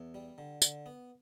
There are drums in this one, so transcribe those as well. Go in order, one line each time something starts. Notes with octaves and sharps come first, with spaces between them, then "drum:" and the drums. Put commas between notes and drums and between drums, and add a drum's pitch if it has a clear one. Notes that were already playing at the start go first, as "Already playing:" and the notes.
Already playing: E2
G3
D3
D3, drum: tambourine
B3